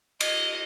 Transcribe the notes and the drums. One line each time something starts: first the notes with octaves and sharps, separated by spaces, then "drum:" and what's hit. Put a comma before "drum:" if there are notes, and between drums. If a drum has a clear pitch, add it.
D#5, drum: cymbal